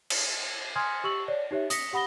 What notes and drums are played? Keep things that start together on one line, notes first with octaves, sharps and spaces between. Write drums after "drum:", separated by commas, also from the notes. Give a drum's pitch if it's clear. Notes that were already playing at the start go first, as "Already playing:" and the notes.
drum: cymbal
G#5 C6 D#6 F6 G#6
G4 C#6 E6 F#7
C#5 D5
D#4 G4 C#5 E5
D#6 A#6 B6 C#7, drum: hi-hat
G4 F#5 B5 D#6 A#6 G7